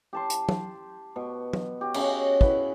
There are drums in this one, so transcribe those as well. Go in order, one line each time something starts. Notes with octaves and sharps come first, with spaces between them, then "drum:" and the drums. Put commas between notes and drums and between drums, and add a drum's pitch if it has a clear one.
G4 A5 C6
drum: hi-hat
drum: tom
B2
drum: tom
F#4 G4
C#3 C#4 D#5, drum: cymbal
E4 B4 F#5, drum: kick